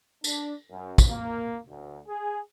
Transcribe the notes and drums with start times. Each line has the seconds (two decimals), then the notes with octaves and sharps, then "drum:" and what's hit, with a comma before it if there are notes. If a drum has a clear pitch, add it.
0.24 D4, drum: tambourine
0.71 F#2
0.98 drum: kick, tambourine
1.09 A#3
1.69 D2
2.07 G#4